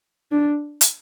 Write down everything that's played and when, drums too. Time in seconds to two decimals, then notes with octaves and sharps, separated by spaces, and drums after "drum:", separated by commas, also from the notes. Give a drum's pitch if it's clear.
0.32 D4
0.81 drum: hi-hat